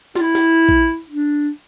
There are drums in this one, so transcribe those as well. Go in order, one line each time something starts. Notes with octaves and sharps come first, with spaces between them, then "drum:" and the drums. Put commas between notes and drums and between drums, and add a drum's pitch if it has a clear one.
F4, drum: snare
E4
drum: snare
drum: kick A#1
D4